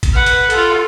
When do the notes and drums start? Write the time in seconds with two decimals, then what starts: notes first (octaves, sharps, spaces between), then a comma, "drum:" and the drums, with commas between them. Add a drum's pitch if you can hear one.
0.03 drum: kick A1, hi-hat
0.13 B4 F#5
0.26 drum: hi-hat
0.50 F4 A4, drum: hi-hat